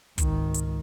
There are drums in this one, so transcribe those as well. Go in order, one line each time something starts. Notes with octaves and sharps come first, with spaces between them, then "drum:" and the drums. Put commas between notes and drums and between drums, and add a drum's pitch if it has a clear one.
G#1 C#2 D#3, drum: kick, hi-hat
drum: hi-hat